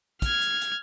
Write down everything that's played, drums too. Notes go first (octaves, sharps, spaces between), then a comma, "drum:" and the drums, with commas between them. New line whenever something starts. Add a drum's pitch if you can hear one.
F6 G#6, drum: kick, hi-hat
drum: hi-hat
drum: hi-hat